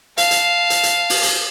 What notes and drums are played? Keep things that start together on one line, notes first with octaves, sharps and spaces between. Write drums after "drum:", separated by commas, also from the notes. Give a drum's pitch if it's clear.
F5 A5, drum: hi-hat
drum: hi-hat
drum: hi-hat
drum: hi-hat
drum: open hi-hat
drum: hi-hat